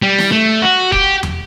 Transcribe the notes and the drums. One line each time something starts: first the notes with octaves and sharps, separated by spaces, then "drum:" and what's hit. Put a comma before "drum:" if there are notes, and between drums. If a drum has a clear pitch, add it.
G3
drum: snare
A3
F#4
G4, drum: kick E1
drum: tom E2